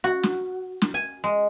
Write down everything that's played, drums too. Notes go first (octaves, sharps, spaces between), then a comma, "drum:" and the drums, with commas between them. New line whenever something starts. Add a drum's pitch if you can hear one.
F#4
drum: snare
drum: snare
G#5
G#3